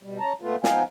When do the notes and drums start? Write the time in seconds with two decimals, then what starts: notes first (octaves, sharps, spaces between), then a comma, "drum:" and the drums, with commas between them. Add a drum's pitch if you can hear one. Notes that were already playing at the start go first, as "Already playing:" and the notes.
0.03 B2 G3
0.19 C#4 A5 A#5
0.42 A#2 A3 B3 F4
0.64 F3 B3 D#4 F5 G5 G#5, drum: snare